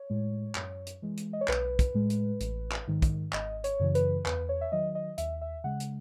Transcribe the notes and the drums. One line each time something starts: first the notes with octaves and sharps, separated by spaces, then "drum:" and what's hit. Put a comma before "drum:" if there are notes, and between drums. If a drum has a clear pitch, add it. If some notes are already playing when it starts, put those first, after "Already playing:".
Already playing: C#5
A2 G#3
F#2, drum: clap
drum: hi-hat
E3 G#3
drum: hi-hat
D#5
C#5
B1 B4, drum: clap
drum: kick, hi-hat
A2 G#3
drum: hi-hat
A1, drum: hi-hat
drum: clap
G#2 D#3
drum: kick, hi-hat
G#1 D#5, drum: clap
C#5, drum: hi-hat
F#2 C#3 E3
B4, drum: hi-hat
E2 B4, drum: clap
C#5
E5
D#3 F#3 D#5
D#5
D#2 E5, drum: hi-hat
E5
C#3 G#3 F#5
drum: hi-hat